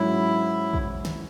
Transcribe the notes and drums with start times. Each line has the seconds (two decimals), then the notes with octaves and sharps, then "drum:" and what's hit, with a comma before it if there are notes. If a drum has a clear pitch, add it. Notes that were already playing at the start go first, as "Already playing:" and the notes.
Already playing: G#2 F#3 C#4 E4 F#4
0.73 drum: kick
1.05 drum: snare